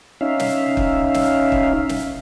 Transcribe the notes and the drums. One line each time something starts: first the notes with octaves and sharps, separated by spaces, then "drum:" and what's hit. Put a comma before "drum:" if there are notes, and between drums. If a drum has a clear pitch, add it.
C#4 D#4 E5 F5
drum: snare
drum: kick
drum: snare
drum: kick
drum: snare